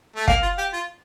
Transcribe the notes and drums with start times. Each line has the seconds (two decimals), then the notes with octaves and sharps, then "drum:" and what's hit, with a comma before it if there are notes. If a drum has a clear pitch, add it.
0.16 A3
0.28 A#3 F5, drum: kick
0.42 F4
0.58 G4
0.73 F4